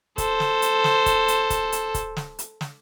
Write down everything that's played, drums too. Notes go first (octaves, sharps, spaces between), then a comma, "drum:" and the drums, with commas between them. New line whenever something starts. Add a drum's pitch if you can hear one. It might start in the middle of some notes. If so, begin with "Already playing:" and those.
A4 C5, drum: kick, hi-hat
drum: snare
drum: hi-hat
drum: snare
drum: kick, hi-hat
drum: hi-hat
drum: kick, hi-hat
drum: hi-hat
drum: kick, hi-hat
drum: snare
drum: hi-hat
drum: snare